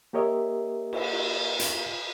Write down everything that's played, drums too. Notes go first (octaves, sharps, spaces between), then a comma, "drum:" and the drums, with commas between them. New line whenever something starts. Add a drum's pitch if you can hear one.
A#3 G4 A#4 C#5 D#5 E5
drum: cymbal
drum: hi-hat